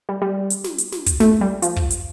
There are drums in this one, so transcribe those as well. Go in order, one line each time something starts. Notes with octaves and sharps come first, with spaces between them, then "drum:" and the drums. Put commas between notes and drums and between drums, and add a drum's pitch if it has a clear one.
G3
G3
drum: hi-hat
drum: snare
drum: hi-hat
drum: snare
drum: kick, hi-hat
A3, drum: snare
G3
F3, drum: hi-hat
drum: kick
drum: hi-hat